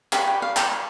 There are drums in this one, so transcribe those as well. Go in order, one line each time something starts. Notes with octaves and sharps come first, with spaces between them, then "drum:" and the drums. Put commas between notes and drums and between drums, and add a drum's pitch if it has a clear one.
G4 B4 D5 B5, drum: clap
G5
F5
G5, drum: clap
F5